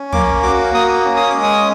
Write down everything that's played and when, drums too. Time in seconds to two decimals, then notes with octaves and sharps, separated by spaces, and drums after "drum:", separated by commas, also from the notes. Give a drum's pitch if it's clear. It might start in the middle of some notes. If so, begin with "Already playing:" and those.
Already playing: C#4
0.13 A#3 D6, drum: tom
0.43 F#4 D6
0.74 A#3 D#6
1.05 C#4
1.17 D#6
1.30 G#3 D6
1.43 D#6